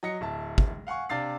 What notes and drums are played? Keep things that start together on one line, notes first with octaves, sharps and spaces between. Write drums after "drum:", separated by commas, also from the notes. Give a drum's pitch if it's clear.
F#3 D#5 A#6 C#7
D1 E5 A5
drum: kick
F5 F#5 G#5 C#6
C3 D4 F5 A6 C7